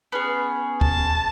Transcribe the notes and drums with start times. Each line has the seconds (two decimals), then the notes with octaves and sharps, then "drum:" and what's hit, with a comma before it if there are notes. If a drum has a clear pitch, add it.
0.12 B3 C#4 G#4
0.81 A5, drum: kick